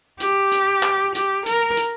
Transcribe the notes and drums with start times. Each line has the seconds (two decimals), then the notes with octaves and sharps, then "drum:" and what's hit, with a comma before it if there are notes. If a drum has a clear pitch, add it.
0.20 G4, drum: hi-hat
0.52 drum: hi-hat
0.83 drum: clap
1.15 G4, drum: hi-hat
1.46 A#4, drum: hi-hat
1.77 drum: hi-hat